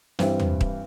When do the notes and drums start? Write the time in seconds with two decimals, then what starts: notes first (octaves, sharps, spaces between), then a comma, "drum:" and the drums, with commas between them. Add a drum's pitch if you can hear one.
0.19 G2 E3 G3 C4, drum: snare
0.40 drum: tom
0.61 drum: kick D#1